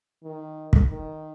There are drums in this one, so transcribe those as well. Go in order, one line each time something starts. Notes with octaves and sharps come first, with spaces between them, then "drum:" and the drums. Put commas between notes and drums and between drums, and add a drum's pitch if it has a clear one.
D#3
drum: kick
D#3